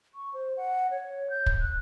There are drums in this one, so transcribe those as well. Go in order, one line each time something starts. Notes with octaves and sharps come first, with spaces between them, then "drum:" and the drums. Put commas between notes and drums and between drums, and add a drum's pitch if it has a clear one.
C#6
C5
F#5
C#5
G6
drum: kick
F#6